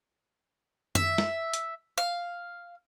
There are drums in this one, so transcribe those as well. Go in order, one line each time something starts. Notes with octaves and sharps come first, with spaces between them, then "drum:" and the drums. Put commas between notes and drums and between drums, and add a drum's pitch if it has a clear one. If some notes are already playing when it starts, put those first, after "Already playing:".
E5, drum: tom F#2
drum: snare
drum: hi-hat
F5